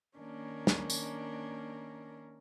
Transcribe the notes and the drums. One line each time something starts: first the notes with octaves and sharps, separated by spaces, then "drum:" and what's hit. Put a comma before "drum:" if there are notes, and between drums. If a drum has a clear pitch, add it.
D#3 A#3 C#4 D4 A#4
drum: snare
drum: tambourine